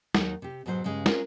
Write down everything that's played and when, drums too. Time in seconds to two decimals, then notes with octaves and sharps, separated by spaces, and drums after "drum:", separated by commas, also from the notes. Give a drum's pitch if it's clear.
0.15 D#2 F#3 D#4 F#5, drum: snare
0.42 C3 G4
0.66 G#2 B2 F#3 A#4 C5
0.84 G2 C#3 G#3
1.06 G#3 C4 C#4 F4 G#4 A#4, drum: snare